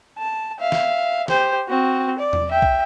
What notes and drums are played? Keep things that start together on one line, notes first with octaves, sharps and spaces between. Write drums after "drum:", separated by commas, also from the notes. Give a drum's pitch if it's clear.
A5
E5 F5
drum: snare
G4 C5, drum: snare
C4 F#4
D5
drum: tom E2
E5 G5
drum: kick